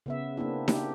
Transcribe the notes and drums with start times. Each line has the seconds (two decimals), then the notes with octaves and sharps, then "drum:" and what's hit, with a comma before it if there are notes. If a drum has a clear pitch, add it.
0.06 C#3 B3 E5
0.37 A#3 C4 D4 E4
0.68 D4 G4, drum: snare D#4